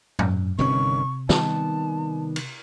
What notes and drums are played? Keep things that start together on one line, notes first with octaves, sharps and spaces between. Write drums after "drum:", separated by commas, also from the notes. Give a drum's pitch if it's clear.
F#2, drum: tom G#2
G1 C3 D#3 C#4 C#6
D#3 G3 B3 A5, drum: snare
drum: cymbal